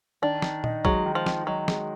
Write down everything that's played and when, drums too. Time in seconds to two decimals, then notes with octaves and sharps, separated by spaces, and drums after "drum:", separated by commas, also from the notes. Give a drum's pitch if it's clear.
0.22 D#3 D4
0.42 D#3, drum: snare
0.64 D#4, drum: tom A#2
0.85 F#3 G#3, drum: kick
1.05 D#3
1.15 F3
1.26 D#3, drum: snare
1.47 F#3 D#4
1.68 G#3, drum: snare